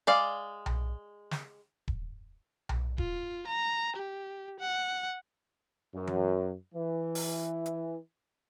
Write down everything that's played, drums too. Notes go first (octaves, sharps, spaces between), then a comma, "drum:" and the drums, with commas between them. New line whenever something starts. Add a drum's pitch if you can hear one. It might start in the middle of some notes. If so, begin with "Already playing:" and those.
G#3 D5 F5
drum: tom B1
drum: snare
drum: kick D#1
drum: tom B1
F4, drum: kick D#1
A#5
G4
F#5
F#2
drum: tom E3
E3
drum: open hi-hat
drum: hi-hat